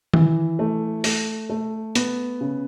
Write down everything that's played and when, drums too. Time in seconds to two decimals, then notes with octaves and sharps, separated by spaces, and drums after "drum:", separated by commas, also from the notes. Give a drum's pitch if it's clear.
0.14 E3, drum: tom D#3
0.59 A3
1.04 A3, drum: open hi-hat
1.50 A3
1.95 B3, drum: hi-hat
2.41 C#3